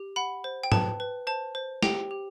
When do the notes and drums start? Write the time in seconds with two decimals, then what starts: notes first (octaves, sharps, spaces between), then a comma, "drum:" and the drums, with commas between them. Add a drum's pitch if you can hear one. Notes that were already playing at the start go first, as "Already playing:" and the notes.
Already playing: G4
0.16 F#5 B5
0.44 C5
0.64 G5
0.72 B4 A5, drum: tom
1.00 B4
1.27 C5 A5
1.55 C5
1.83 G4 G5, drum: snare
2.11 G4